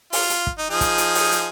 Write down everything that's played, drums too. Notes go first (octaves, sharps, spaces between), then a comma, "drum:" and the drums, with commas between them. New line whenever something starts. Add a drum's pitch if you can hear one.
F4, drum: open hi-hat
drum: hi-hat
drum: kick
D#4
F3 D#4 G#4
drum: kick, hi-hat
drum: hi-hat
drum: open hi-hat
drum: hi-hat